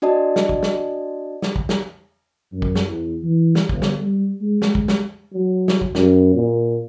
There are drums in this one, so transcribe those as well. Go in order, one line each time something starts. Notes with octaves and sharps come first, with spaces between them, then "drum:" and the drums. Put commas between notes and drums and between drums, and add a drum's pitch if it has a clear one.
D4 F#4 D5 D#5 A5
drum: snare
drum: kick
drum: snare
drum: snare
drum: kick
drum: snare
F#2
drum: kick
drum: snare
E2
E3
drum: snare
G1, drum: kick
drum: snare
G3
G#3
drum: snare
drum: kick
drum: snare
F#3
drum: snare
drum: kick
F#2, drum: snare
A#2